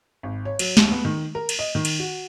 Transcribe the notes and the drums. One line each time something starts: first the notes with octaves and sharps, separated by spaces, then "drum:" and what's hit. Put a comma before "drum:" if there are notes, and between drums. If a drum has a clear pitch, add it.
G#1
C#5
F#3, drum: cymbal
D#2, drum: snare
B3
D#3
A#4
drum: cymbal
D#5
D#3
drum: cymbal
F#4